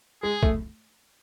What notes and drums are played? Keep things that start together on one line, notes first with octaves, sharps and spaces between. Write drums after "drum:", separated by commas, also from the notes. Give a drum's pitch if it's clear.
G#3 G#4
A3, drum: kick